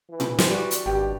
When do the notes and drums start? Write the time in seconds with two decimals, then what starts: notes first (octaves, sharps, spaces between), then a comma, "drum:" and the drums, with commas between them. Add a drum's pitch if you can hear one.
0.10 E3
0.20 drum: tom A#2
0.39 drum: snare
0.50 G3 F#4
0.71 drum: hi-hat
0.86 G#1 G2 G4